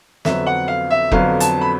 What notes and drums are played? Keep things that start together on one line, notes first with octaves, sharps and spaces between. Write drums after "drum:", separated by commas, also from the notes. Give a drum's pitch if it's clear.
F2 D3 F#3 B3 E5, drum: snare
F#5
F5
E5
F2 D3 F#3 B3 F5, drum: kick F1
A5, drum: hi-hat
B5